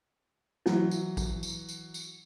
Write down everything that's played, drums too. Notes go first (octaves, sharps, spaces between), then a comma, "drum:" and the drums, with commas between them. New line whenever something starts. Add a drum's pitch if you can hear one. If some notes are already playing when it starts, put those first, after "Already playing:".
E3 F#3, drum: snare
drum: tambourine
drum: kick, tambourine
drum: tambourine
drum: tambourine
drum: tambourine